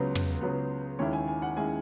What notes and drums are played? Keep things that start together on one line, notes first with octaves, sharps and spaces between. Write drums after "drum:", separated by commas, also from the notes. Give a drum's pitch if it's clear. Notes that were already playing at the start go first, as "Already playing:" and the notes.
Already playing: C#2 C#3 F#3 B3 B4
drum: tom
C#2 C#3 F#3 B3
D#2 D#3 G#3 C#4 E4 C#5
G#5
G#5
F#5
D#3 G#3 C#4 E4 G#5